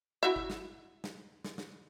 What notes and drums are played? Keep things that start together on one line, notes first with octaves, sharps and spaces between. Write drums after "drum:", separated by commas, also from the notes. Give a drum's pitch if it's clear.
E4 F#4 E5
drum: kick G1
drum: snare
drum: snare
drum: snare
drum: snare